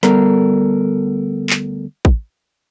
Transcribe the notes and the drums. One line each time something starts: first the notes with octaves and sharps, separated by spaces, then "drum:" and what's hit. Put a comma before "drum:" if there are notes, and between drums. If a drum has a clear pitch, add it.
D2 G3 B3 A4 A#4 A#5, drum: snare
drum: clap
drum: kick